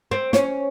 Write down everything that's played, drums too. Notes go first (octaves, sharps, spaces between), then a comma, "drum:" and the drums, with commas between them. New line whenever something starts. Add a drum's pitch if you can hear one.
C4
C#4, drum: snare